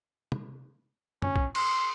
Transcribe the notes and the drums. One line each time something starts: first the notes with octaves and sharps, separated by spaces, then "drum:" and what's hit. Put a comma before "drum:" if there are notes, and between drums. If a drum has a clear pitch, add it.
drum: tom
C#4, drum: tom
drum: kick
C6, drum: cymbal